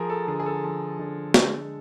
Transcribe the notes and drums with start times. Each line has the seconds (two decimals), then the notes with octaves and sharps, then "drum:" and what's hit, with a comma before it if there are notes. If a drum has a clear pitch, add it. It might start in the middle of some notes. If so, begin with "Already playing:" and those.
Already playing: F3 G#4 A#4
0.10 A4
0.27 D3 G#4
0.39 G#4
0.46 A4
0.64 F3
0.99 D3
1.34 G#3, drum: snare